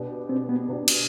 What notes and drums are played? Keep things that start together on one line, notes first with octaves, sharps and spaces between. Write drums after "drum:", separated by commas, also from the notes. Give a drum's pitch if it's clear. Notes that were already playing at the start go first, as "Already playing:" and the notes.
Already playing: B2 B3 D4 G4 D5
C4
B3
B2 B3 D4 G4 D5
drum: cymbal